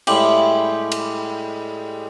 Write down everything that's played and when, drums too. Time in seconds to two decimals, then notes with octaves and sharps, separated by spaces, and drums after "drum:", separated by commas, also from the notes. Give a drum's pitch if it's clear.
0.07 A2 G3 G#3 G4, drum: cymbal
0.92 drum: cymbal